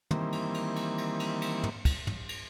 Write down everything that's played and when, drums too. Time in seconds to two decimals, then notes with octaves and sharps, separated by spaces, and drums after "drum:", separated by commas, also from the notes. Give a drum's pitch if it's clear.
0.11 D#3 E3 G3 A#3 C4, drum: tom
0.32 drum: cymbal
0.54 drum: cymbal
0.76 drum: cymbal
0.98 drum: cymbal
1.20 drum: cymbal
1.42 drum: cymbal
1.63 drum: tom
1.85 drum: kick, cymbal
2.07 drum: tom
2.29 drum: cymbal